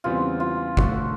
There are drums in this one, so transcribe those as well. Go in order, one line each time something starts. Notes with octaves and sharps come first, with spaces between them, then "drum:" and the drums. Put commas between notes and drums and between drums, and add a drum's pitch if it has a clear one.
E2 C#3 E3 G3 C4 F4
F4
D3 F3 A3 F#4, drum: kick G1